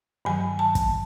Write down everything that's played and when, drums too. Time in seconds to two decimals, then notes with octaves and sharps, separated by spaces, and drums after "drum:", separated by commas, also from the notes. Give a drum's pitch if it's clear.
0.25 G2 D#3 F#3 G#5
0.59 A5
0.75 drum: kick, hi-hat